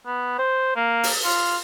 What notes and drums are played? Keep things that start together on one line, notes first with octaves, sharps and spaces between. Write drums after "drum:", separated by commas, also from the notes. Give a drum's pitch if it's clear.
B3
C5
A#3
drum: open hi-hat
F4